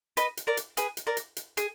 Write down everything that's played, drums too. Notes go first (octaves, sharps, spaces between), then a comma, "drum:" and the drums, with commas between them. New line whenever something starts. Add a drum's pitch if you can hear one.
B4 D#5, drum: hi-hat
drum: hi-hat
A#4 D5
drum: hi-hat
G#4 B4, drum: hi-hat
drum: hi-hat
A#4 D5
drum: hi-hat
drum: hi-hat
G#4, drum: hi-hat